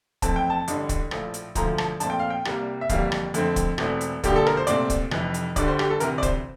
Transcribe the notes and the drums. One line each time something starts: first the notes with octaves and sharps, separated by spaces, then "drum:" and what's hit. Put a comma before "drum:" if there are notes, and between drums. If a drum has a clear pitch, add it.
F2 E3 A3 C4 A5, drum: kick, hi-hat
G5
A5
A1 G2 D3, drum: hi-hat
drum: kick, hi-hat
A#1 A2 F3 A3, drum: rim click
drum: hi-hat
E1 D2 D3 F3 A3 A#5, drum: kick, hi-hat
A5, drum: rim click
A#1 A#2 A3 C4 A5, drum: hi-hat
G5
F5
G5
C2 C3 G3 A#3, drum: rim click
E5
G1 F2 E3 G3 A#3 F5, drum: kick, hi-hat
drum: rim click
F2 D3 A3 C4, drum: hi-hat
drum: kick, hi-hat
E1 E2 E3 A3 C4, drum: rim click
drum: hi-hat
E1 D2 D3 G3 A#3 G4, drum: kick, hi-hat
A4
A#4, drum: rim click
C5
C2 A#2 A3 C4 D5, drum: hi-hat
drum: kick, hi-hat
F1 F2 E3, drum: rim click
drum: hi-hat
G1 G2 D3 G3 D5, drum: kick, hi-hat
C5
G4, drum: rim click
A4
D2 C3 E3 A#4, drum: hi-hat
D5
C5, drum: kick, hi-hat